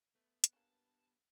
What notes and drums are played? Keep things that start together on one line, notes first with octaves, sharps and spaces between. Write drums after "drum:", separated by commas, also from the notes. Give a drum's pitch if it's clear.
A3 B3
drum: hi-hat
G2 A#3 C#4 A5